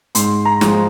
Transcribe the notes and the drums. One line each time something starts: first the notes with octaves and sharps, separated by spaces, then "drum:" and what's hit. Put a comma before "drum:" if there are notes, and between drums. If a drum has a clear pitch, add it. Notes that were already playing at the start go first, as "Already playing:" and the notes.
G#2 C6, drum: hi-hat
A#5
F3 G#3, drum: snare